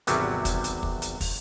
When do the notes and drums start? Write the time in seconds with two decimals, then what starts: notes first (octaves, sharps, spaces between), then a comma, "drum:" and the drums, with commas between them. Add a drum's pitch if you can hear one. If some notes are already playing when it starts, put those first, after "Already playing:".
0.07 G#1 E2 C3 F#3 G3, drum: hi-hat
0.45 drum: kick, hi-hat
0.64 drum: hi-hat
0.83 drum: kick
1.02 drum: hi-hat
1.21 drum: kick, open hi-hat